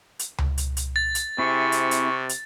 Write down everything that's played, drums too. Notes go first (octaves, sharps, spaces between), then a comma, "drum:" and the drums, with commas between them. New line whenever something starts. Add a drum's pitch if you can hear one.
drum: hi-hat
drum: tom C#2
drum: hi-hat
drum: hi-hat
A6
drum: hi-hat
C3 C4 E4 G#4 C#6
drum: hi-hat
drum: hi-hat
drum: hi-hat